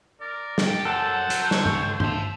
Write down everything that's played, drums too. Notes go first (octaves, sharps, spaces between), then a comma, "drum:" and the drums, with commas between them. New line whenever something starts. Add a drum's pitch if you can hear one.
A#4 D5
drum: snare
G4 A4 G5
F#2 A4 C5 F#5
F#3, drum: hi-hat
C#2 C#5, drum: snare
drum: tom G2
E5 A5 C6, drum: tom G2